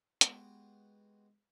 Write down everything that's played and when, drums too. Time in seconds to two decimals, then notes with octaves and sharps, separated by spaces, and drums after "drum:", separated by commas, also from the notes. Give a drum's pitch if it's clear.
0.21 G#3 B3 F#4 G4, drum: hi-hat